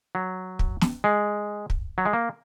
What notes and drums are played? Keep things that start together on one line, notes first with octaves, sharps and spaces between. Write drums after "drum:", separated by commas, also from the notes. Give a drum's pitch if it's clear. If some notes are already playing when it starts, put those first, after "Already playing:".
F#3
drum: kick
drum: snare
G#3
drum: kick
F#3
G#3
A#3